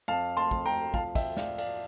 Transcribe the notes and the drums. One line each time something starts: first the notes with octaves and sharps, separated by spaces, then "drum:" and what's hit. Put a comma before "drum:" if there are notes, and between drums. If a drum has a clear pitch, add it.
F2 F5 A5
A5 C6
F2, drum: kick
G5 A#5
F3 F5 A5, drum: kick
E5 G5, drum: kick, cymbal
A2 D5 F5, drum: snare
D5 F5, drum: cymbal